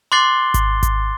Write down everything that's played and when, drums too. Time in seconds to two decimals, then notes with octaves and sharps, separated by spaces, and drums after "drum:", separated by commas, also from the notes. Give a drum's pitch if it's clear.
0.12 C6 D6 F#6 A6 C7 G7
0.54 drum: kick G#1, hi-hat
0.83 drum: kick G#1, hi-hat